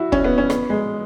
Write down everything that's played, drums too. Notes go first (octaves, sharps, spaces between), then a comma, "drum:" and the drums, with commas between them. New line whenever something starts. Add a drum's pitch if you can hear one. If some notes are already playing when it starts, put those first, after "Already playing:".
Already playing: E4 F#4
C#4, drum: kick
B3
C#4
B3, drum: rim click
G#3